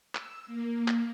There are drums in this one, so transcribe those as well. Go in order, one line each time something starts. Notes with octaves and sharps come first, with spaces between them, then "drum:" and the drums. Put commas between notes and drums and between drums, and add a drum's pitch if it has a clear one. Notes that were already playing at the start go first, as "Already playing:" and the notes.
E6, drum: clap
A#3
drum: clap